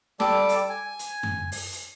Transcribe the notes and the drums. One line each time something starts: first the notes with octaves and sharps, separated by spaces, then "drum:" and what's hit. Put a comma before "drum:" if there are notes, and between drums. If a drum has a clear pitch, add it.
G3 A4 A5 D6, drum: snare
drum: hi-hat
G#5
drum: hi-hat
drum: tom F#2
drum: open hi-hat
drum: hi-hat